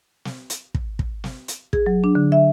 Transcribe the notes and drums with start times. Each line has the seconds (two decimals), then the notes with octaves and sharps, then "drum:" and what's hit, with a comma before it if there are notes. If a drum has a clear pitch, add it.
0.25 drum: snare
0.50 drum: hi-hat
0.74 drum: kick
0.99 drum: kick
1.24 drum: snare
1.48 drum: hi-hat
1.73 G#4, drum: kick
1.86 F#3
2.04 D4
2.15 D3
2.32 E5